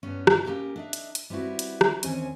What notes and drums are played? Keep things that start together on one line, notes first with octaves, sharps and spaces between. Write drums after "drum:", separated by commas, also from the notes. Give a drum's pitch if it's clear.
G2 B3 C#4
drum: rim click
A#3 C#4 G4 A4 A#4 A#5
D4 D#4 E5
drum: hi-hat
drum: hi-hat
G3 B3 C4 E4 F#4
drum: hi-hat
drum: rim click
D#2 E3 C4 C#4 C5 G#5, drum: hi-hat